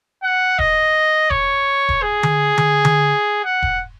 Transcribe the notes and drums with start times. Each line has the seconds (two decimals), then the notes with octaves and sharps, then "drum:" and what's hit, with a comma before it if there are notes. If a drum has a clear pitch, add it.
0.23 F#5
0.59 D#5, drum: kick E1
1.30 C#5, drum: kick E1
1.89 drum: kick E1
2.02 G#4
2.23 drum: tom D3
2.58 drum: tom D3
2.85 drum: tom D3
3.45 F#5
3.63 drum: kick E1